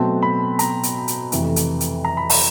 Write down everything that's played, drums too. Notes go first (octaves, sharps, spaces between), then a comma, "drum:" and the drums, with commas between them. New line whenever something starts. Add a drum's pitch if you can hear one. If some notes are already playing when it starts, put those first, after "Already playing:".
Already playing: B2 F#3 A3 C4 A5
B5
A#5, drum: hi-hat
drum: hi-hat
drum: hi-hat
F2 C3 E3 A3, drum: hi-hat
drum: hi-hat
drum: hi-hat
A#5
B5
A#5, drum: open hi-hat